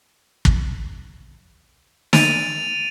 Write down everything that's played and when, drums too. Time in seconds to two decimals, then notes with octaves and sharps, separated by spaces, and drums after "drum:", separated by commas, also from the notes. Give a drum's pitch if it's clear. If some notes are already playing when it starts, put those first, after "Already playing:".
0.45 drum: kick
2.13 A6 D7 D#7 F7, drum: snare